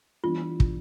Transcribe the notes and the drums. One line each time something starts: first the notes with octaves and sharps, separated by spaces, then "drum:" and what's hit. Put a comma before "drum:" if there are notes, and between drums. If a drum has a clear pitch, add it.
E3 G3 B3 D4 F4
drum: kick